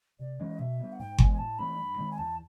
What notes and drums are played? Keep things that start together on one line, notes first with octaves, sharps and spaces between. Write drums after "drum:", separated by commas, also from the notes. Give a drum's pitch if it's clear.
C3 D5
E3 G#3 C#4 D#5
B2 E5
G3 B3
F#5
G#2 G5
E3 G#3 B3 G#5, drum: kick G1
G#5
A2 A5
E3 A3 C4 B5
G2
D#3 G#3 C4
G#5
E2 A5